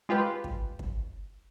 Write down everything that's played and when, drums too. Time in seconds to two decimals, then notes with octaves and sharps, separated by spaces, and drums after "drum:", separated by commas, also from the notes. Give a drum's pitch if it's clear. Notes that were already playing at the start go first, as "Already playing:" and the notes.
0.09 G#3 F4 G4 B4
0.44 drum: kick
0.79 drum: kick